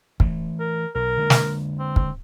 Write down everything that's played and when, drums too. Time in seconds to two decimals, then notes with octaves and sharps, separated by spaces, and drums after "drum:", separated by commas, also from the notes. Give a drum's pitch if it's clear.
0.20 E3 A3, drum: kick
0.60 A#4
0.95 B1 A#4
1.17 D3 G#3 A#3
1.30 drum: snare
1.79 C4
1.96 drum: kick